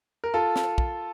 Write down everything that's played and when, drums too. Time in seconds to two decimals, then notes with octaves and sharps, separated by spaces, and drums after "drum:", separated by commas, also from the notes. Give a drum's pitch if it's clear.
0.24 A#4
0.34 F4 A4
0.56 drum: snare
0.78 drum: kick